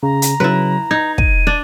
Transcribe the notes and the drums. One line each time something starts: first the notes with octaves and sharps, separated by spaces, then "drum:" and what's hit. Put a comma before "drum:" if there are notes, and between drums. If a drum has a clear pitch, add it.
C#3 A#5
drum: hi-hat
C#3 F#3 E4 B4
D#4 G#6
D#7, drum: kick
D4